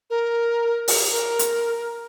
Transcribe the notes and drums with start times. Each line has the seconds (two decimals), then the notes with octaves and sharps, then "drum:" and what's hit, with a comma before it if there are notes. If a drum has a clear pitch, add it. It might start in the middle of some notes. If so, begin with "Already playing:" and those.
0.10 A#4
0.88 drum: open hi-hat
1.12 A#4
1.39 drum: hi-hat